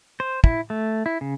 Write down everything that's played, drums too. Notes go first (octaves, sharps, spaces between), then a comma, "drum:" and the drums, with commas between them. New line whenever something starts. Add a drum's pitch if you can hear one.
C5
E4, drum: kick
A3
E4
C#3